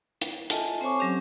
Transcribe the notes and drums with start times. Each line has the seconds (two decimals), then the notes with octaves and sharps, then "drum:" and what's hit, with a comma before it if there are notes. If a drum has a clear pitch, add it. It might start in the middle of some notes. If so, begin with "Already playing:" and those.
0.22 drum: hi-hat
0.50 F4 A4 D#5 E5 G#5 A5, drum: hi-hat
0.81 C4 C5 C#5 G#5 C#6 D6
1.00 F#3 C4 C#4 G4